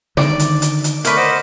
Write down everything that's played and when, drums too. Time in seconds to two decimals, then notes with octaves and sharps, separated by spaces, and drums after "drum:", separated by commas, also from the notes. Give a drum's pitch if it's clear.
0.17 D3 D#3 D5, drum: snare
0.39 drum: hi-hat
0.62 drum: hi-hat
0.84 drum: hi-hat
1.05 A3 A#4 B4 D5, drum: hi-hat
1.16 C5 D#5 F#5